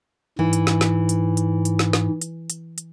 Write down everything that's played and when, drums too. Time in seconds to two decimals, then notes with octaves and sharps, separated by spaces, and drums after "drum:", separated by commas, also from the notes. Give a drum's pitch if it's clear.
0.39 G#2 E3
0.53 drum: hi-hat
0.67 drum: snare
0.81 drum: snare
1.09 drum: hi-hat
1.37 drum: hi-hat
1.65 drum: hi-hat
1.79 drum: snare
1.93 drum: snare
2.21 drum: hi-hat
2.50 drum: hi-hat
2.78 drum: hi-hat